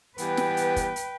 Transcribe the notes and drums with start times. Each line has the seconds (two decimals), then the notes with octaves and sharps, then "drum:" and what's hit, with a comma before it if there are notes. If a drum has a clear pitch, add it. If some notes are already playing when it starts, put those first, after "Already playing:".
0.18 E3 G3 B3 B4 G5, drum: hi-hat
0.37 drum: snare
0.57 drum: hi-hat
0.76 drum: kick, hi-hat
0.96 drum: hi-hat